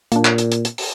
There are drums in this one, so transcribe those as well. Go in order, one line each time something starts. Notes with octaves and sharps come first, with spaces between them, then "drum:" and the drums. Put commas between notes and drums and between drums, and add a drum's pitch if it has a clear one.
A#2 A#3 D4, drum: hi-hat
drum: clap
drum: hi-hat
drum: hi-hat
drum: hi-hat
drum: open hi-hat